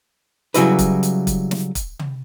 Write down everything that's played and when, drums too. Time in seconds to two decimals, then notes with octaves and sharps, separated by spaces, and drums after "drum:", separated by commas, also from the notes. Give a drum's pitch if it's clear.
0.54 C#3 F#3 G3 E4 F#4 B4, drum: hi-hat
0.79 drum: kick, hi-hat
1.03 drum: hi-hat
1.27 drum: kick, hi-hat
1.51 drum: snare
1.75 drum: kick, hi-hat
1.99 drum: tom